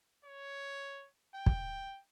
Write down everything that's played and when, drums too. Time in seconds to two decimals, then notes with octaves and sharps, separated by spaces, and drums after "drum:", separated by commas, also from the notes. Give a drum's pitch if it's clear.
0.25 C#5
1.35 G5
1.46 drum: kick